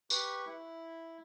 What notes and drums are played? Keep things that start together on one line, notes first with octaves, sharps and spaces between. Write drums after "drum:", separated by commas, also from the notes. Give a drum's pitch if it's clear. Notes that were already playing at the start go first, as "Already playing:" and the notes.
G4 B4 C#6, drum: tambourine
E4